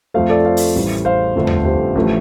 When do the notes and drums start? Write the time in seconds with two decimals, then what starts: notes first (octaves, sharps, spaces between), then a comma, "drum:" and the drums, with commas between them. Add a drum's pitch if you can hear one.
0.14 F2 F3 A3 C5 F5
0.29 A4 D5
0.45 C5 F5
0.57 drum: open hi-hat
0.75 A1 A2 G3
1.05 C5 F5
1.35 G1 F2 D3 A3
1.47 drum: tom D#2
1.65 G4 C5
1.95 A1 F3 A3